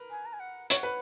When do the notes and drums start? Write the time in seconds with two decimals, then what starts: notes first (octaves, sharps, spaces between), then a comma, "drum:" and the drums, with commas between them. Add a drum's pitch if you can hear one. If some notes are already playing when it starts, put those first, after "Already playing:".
Already playing: A#4 B4
0.10 G#5
0.25 A#5
0.33 G#5
0.40 F#5
0.70 C#5 F#5, drum: hi-hat
0.83 B4